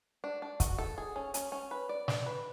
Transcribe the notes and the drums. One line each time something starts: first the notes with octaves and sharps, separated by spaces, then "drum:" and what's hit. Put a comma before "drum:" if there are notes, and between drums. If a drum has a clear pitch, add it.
D4
D4
F#4, drum: kick, hi-hat
A4
G#4
C#4
C#4, drum: hi-hat
C#4
B4
D5
D5, drum: snare
B4